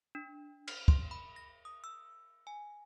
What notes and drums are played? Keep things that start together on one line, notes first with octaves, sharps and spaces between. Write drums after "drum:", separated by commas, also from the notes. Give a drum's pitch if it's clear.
D4
F6, drum: cymbal
C6, drum: kick
B5
A#6
D#6
E6
G#5